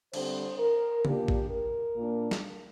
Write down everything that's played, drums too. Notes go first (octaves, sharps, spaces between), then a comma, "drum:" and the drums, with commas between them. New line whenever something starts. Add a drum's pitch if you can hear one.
D3 G3 C4 C5, drum: cymbal
A#4
A#2 A#3 D4 G4, drum: tom C#3
drum: kick A1
A#4
A#2 A#3 D4
drum: snare